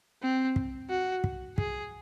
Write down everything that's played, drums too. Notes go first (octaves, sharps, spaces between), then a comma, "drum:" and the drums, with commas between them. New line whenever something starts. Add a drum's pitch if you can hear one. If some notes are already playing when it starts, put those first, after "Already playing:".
C4
drum: kick
F#4
drum: kick
G#4, drum: kick